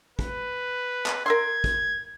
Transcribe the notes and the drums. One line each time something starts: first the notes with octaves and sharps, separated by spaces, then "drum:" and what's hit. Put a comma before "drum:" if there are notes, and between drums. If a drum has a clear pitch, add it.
B4, drum: kick
drum: clap
A#4 E5 C6 G#6
drum: kick